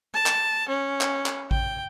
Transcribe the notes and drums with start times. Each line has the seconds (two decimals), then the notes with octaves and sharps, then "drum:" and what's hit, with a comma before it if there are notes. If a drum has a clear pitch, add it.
0.14 A5
0.26 drum: clap
0.69 C#4
1.01 drum: clap
1.26 drum: clap
1.51 G5, drum: kick A1